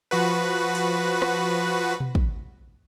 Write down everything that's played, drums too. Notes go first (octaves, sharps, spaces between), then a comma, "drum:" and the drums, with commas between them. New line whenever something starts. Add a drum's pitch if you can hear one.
F3 F#4 B4
drum: open hi-hat
drum: rim click
drum: tom B2
drum: kick